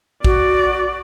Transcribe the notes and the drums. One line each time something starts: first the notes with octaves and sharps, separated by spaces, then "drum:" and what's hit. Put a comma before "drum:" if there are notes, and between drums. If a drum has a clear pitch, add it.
F#4 D5, drum: kick A#1